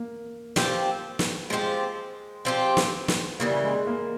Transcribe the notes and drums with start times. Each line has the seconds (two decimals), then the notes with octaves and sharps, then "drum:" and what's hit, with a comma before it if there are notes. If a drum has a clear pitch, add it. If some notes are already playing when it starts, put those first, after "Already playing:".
Already playing: A#3
0.56 F3 C4 G4, drum: snare
1.19 drum: snare
1.50 F3 G#3 C4 G4
2.45 F3 C4 G4
2.77 drum: snare
3.08 drum: snare
3.40 C#3 E3 G3 A#3
3.64 G#3
3.87 A#3